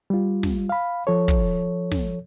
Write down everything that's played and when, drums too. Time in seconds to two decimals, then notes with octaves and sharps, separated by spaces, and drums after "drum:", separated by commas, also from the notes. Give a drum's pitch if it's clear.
0.10 G3 F4
0.43 drum: snare
0.69 F5 B5
1.07 F3 A4 C#5
1.28 drum: kick
1.92 drum: snare